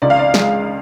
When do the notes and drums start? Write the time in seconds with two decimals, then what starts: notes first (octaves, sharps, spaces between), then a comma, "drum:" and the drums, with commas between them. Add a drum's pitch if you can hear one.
0.02 C#2 D5
0.10 F5
0.19 D5
0.34 G#3, drum: snare